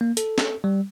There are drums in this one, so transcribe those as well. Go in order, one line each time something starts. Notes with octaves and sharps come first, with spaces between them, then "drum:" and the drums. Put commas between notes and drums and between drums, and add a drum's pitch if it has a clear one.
A#3
A4, drum: hi-hat
drum: snare
G3